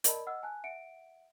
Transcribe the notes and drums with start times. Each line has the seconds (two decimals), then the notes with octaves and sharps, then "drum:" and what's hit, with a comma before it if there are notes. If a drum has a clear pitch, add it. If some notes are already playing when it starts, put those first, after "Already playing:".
0.04 A#4 D5 D#5 A5 B5, drum: hi-hat
0.27 D#5 F#5 E6 F6
0.43 G#5 A5 F#6
0.64 E5 F#5 C#7 D7